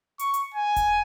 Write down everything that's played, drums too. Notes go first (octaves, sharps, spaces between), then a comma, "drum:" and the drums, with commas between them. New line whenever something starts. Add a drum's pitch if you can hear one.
C#6, drum: hi-hat
drum: hi-hat
G#5
drum: kick E1, hi-hat